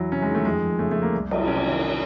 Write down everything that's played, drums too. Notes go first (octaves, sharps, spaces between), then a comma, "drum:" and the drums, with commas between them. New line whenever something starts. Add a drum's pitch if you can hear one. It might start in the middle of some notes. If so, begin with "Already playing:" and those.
Already playing: E2 F#3 E4
C3 C#4
G#3
D#3
A3
F2 G#3
F2
C#3 A3
F3 A3
A#3
C2
F#3, drum: cymbal
C3 C#4
D#3